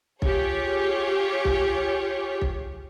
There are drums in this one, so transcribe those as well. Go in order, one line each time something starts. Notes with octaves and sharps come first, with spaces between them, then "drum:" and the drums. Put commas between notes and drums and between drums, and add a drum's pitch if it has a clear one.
F4 G4 G#4 C#5, drum: kick B1
drum: kick B1
drum: kick B1